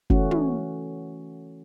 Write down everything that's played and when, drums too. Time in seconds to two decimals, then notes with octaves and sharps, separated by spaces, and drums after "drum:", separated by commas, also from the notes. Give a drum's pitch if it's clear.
0.10 E3 A3 C#4 F#4, drum: kick
0.31 drum: tom